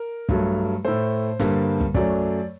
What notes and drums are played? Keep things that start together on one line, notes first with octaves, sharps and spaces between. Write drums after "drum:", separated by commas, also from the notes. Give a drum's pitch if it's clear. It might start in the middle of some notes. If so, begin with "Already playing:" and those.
Already playing: A#4
G2 F#3 A3, drum: kick
A2 A3 C5
G2 D3 G3 A#3, drum: snare
drum: kick
F#2 F#3 A3 D5, drum: kick